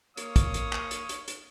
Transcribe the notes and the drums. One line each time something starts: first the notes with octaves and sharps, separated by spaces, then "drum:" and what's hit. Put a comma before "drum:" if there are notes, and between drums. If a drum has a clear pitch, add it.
A#3 C#5 F5 C#6 D#6, drum: hi-hat
drum: kick, hi-hat
drum: hi-hat
drum: clap
drum: hi-hat
drum: hi-hat
drum: hi-hat